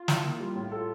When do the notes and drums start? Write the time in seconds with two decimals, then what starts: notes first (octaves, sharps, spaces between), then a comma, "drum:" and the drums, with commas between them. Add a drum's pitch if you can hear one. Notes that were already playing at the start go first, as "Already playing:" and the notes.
Already playing: F4
0.08 E4, drum: snare
0.24 A#3
0.40 G3
0.56 A2
0.72 A4